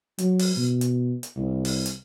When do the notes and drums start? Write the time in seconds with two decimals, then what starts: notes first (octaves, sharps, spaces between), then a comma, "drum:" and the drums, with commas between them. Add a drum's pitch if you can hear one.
0.18 F#3, drum: hi-hat
0.39 drum: open hi-hat
0.56 B2
0.81 drum: hi-hat
1.23 drum: hi-hat
1.36 C2
1.65 drum: open hi-hat
1.86 drum: hi-hat